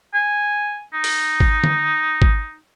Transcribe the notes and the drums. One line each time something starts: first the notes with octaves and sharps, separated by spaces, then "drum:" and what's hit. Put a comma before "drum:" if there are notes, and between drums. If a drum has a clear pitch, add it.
G#5
D#4
drum: open hi-hat
drum: kick G#1
drum: tom
drum: kick G#1